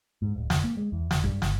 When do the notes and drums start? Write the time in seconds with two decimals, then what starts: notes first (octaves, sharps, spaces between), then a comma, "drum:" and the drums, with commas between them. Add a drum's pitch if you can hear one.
0.22 G#2
0.36 D1
0.50 F1, drum: snare
0.64 A#3
0.77 G#3
0.92 E2
1.11 F1, drum: snare
1.24 G2, drum: kick
1.42 G1, drum: snare